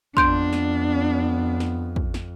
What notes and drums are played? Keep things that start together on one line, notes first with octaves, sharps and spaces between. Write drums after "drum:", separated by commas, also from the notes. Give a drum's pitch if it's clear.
F2 B3 D4 C6 G6 D7, drum: kick
drum: snare
drum: snare
drum: kick
drum: snare